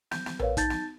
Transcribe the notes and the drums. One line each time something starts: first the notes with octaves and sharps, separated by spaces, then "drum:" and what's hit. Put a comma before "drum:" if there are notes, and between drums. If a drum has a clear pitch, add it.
G6, drum: snare
drum: snare
A#4 B4 C#5 F5, drum: tom A#1
D#4 A5 G6 A6, drum: kick, hi-hat
drum: snare